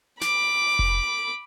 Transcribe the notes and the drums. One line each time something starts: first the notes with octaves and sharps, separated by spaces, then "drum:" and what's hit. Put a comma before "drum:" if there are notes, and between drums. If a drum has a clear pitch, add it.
B5 D6, drum: snare
drum: kick F1